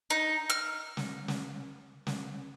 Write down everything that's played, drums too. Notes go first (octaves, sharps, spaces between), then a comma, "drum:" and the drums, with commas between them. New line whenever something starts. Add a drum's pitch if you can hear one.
D#4
F6
drum: snare
drum: snare
drum: snare